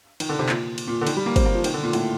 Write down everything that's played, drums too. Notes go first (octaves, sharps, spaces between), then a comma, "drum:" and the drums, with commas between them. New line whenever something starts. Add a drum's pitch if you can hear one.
D#3, drum: cymbal
D3
C3
A#2, drum: clap
drum: cymbal
A#2
D3
D#3, drum: cymbal
G3
A#3
C4, drum: kick, cymbal
A#3
F3
D#3, drum: cymbal
D3
A#2
A2, drum: cymbal